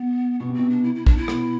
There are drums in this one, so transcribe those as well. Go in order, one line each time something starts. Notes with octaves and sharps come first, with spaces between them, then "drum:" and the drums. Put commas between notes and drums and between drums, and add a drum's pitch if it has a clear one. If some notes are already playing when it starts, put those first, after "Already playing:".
Already playing: B3
B2 B3
C3
B2 C4
D4
E4
E4
D4, drum: kick
E4
B2, drum: rim click